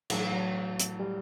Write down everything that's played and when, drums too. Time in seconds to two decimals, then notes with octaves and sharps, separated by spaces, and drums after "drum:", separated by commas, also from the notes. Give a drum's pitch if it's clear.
0.10 A2 E3 F#3, drum: cymbal
0.32 F#3
0.79 drum: hi-hat
0.99 G3